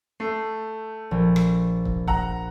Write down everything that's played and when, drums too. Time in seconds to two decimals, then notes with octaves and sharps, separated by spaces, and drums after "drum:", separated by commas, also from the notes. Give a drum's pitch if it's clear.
0.20 A3 C7
1.11 A#1
1.36 drum: rim click
1.85 drum: kick
2.08 F#5 A#5, drum: kick